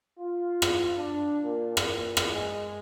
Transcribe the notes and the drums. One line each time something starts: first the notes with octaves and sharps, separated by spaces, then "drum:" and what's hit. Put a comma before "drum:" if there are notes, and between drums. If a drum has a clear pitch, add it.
F4
drum: rim click
D4
A#2
A#2, drum: rim click
drum: rim click
G#3